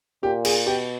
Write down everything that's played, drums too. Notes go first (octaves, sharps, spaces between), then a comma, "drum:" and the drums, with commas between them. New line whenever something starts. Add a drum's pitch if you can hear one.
A#2 G4
G#4, drum: cymbal
B2 G4